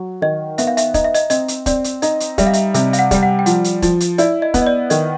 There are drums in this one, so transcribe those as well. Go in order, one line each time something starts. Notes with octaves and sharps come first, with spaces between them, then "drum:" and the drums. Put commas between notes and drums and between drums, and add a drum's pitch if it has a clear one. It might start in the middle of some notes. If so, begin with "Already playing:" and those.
Already playing: F#3
D#3 D#5
B3 E5, drum: hi-hat
F5
E5, drum: hi-hat
D#4 D#5, drum: kick, hi-hat
E5
D#5, drum: hi-hat
C4 D#5, drum: hi-hat
drum: hi-hat
C4 D5, drum: kick, hi-hat
drum: hi-hat
D#4 D#5, drum: hi-hat
drum: hi-hat
G3 E5, drum: kick, hi-hat
F5
E5, drum: hi-hat
C3 E5, drum: hi-hat
F5, drum: hi-hat
F#5
G3 G5, drum: kick, hi-hat
F#5
G5
F3 F#5, drum: hi-hat
drum: hi-hat
F3, drum: kick, hi-hat
drum: hi-hat
E4 D5, drum: hi-hat
D#5
B3, drum: kick, hi-hat
D#5
D5
D#3 D#5, drum: hi-hat